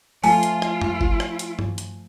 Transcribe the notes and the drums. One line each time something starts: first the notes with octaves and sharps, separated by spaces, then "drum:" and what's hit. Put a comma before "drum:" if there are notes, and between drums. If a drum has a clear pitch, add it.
F3 A3 F4 G#5 A5, drum: open hi-hat
drum: hi-hat
drum: rim click
drum: tom F2
drum: kick G1
drum: rim click
drum: hi-hat
drum: tom G2
drum: hi-hat